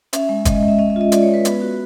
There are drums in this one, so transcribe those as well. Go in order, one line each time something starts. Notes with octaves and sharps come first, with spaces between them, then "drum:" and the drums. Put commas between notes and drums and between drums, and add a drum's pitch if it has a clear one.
C#4 E5, drum: hi-hat
G#3
G#3 D#5, drum: kick, hi-hat
D#5
G#3
E5
C#4 D#5
E5
F4 D#5
F4 D5, drum: hi-hat
C#5
G#3 B4
B3, drum: hi-hat
F#4